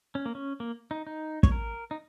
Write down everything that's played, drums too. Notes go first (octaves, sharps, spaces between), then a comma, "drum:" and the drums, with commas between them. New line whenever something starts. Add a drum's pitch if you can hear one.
C#4
A#3
C#4
A#3
D#4
D#4
C#5, drum: kick
A#4
D#4